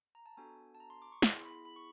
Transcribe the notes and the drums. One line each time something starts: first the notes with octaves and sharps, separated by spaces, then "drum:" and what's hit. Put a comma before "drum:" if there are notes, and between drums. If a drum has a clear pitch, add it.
A#5
A5
B3 D4 F#4 A4 G#5
A5
A#5
C6
D6
C#6
B3 E4 G#4 C6, drum: snare
B5
B5
C#6